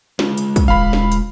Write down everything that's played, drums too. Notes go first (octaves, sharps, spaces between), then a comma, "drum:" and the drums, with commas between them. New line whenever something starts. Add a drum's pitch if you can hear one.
G#3 F4 G#4, drum: snare
drum: hi-hat
drum: kick, hi-hat
D#1 F5 B5
drum: snare
drum: hi-hat